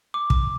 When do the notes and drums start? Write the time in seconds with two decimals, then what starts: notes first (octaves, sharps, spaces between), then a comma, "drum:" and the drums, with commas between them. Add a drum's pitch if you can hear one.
0.14 D6
0.30 drum: kick